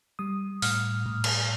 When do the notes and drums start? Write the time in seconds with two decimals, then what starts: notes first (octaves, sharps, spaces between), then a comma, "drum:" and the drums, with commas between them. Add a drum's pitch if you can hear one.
0.19 G3 D#6
0.62 A2 F6, drum: open hi-hat
1.06 A2
1.24 drum: cymbal